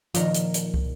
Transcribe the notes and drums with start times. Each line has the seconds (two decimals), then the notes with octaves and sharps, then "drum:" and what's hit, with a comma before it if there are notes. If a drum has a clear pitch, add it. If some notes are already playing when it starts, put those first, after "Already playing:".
0.14 A#2 D#3 F3 A#5, drum: hi-hat
0.34 drum: hi-hat
0.54 drum: hi-hat
0.74 drum: kick